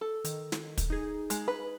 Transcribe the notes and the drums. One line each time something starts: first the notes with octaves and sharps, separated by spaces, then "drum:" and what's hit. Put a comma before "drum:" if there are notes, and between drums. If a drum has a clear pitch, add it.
A4
D#3, drum: hi-hat
drum: snare
drum: kick, hi-hat
D#4 G#4
G#3, drum: hi-hat
B4